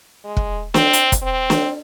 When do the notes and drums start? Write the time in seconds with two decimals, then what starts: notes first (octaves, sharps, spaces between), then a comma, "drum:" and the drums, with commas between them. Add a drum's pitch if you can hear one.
0.25 G#3
0.37 drum: kick
0.74 C4, drum: snare
0.93 drum: hi-hat
1.12 drum: kick, hi-hat
1.23 C4
1.50 drum: snare